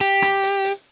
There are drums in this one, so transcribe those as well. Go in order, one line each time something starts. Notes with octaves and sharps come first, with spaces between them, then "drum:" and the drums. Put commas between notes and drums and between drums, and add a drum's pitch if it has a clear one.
G4
drum: rim click
drum: hi-hat
drum: hi-hat